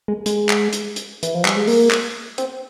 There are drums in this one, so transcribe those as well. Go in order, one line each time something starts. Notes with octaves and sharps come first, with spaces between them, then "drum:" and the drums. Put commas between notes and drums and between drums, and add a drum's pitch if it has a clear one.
G#3
G#3, drum: hi-hat
drum: clap
drum: hi-hat
drum: hi-hat
E3, drum: hi-hat
F3
G3, drum: clap
G#3
A#3, drum: open hi-hat
drum: clap
C4, drum: hi-hat